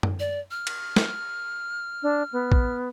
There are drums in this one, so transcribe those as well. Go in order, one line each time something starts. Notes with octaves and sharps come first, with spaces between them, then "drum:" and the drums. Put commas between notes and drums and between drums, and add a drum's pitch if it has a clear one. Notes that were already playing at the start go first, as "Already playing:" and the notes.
drum: tom F#2
D5
F6
drum: cymbal
drum: snare
D4
B3
drum: kick A#1